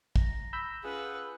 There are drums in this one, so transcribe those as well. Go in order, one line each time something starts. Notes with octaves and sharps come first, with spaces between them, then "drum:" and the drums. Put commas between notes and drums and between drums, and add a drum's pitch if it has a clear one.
A#5, drum: kick
B5 E6 G6
C#4 F4 G#4 B4 F#5